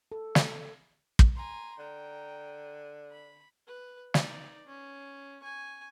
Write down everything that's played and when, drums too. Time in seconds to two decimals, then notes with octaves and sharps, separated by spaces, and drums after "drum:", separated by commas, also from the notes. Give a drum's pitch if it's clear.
0.12 A4
0.35 drum: snare
1.19 drum: kick
1.34 G#5 A#5 C6
1.78 D3 G5 A#5
3.09 B5
3.67 B4
4.14 D#4 D5, drum: snare
4.66 C#4
5.40 G#5 C#6